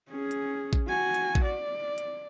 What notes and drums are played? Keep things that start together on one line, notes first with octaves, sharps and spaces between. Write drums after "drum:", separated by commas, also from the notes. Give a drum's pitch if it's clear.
C#4 G#4
drum: hi-hat
drum: kick, hi-hat
F#4 G#5
drum: hi-hat
drum: kick
D5
drum: hi-hat